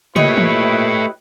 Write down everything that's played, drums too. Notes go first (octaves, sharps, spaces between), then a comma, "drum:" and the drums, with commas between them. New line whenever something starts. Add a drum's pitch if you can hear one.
A#2 A3 E4 G4 B4 C#5 D#5, drum: tom
drum: tom E3